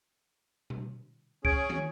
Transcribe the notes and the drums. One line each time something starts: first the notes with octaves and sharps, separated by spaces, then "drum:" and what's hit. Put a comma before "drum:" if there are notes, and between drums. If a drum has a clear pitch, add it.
drum: tom B2
C#4 G#4 G#6 D7, drum: kick
drum: tom